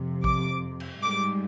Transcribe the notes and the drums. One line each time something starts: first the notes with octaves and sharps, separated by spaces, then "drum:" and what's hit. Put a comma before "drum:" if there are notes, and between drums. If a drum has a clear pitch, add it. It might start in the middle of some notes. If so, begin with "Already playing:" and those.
Already playing: F2 C3 F3
D6, drum: kick A#1
drum: cymbal
G#2 G3 D6